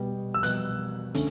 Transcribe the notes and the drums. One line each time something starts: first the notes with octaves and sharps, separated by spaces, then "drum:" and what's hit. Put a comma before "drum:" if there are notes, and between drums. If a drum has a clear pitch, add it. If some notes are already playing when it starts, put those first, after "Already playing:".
Already playing: B2 G3 B3
E6
B2 G3 B3 F#6, drum: hi-hat
D3 A3 C#4, drum: hi-hat